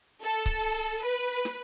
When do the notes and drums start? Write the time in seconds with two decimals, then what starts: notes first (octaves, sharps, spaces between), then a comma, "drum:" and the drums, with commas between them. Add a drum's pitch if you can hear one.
0.23 A4
0.46 drum: kick C#1
1.05 B4
1.45 drum: snare